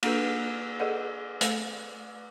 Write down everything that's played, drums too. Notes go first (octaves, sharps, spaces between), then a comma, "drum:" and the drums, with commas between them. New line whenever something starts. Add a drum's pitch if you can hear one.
A#3 D4 A4 B4, drum: cymbal
G#4 A4 B4 D5 D#5 F#5
A3 A4, drum: hi-hat